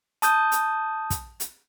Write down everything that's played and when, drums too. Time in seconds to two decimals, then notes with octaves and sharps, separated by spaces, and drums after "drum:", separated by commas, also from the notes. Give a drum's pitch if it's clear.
0.22 A5 D#6 G6, drum: hi-hat
0.52 drum: hi-hat
1.10 drum: kick, hi-hat
1.40 drum: hi-hat